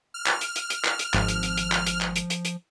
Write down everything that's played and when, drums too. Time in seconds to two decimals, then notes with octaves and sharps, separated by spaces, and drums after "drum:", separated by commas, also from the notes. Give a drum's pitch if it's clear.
0.14 F6
0.27 drum: clap
0.41 drum: hi-hat
0.56 drum: hi-hat
0.70 drum: hi-hat
0.85 drum: clap
0.99 drum: hi-hat
1.14 G#1 F3, drum: clap
1.28 drum: hi-hat
1.43 drum: hi-hat
1.57 drum: hi-hat
1.72 drum: clap
1.87 drum: hi-hat
2.01 drum: clap
2.16 drum: hi-hat
2.30 drum: hi-hat
2.45 drum: hi-hat